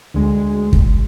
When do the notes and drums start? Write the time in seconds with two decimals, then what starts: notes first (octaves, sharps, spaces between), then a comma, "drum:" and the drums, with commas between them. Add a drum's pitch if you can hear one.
0.14 D2 G#3
0.73 drum: kick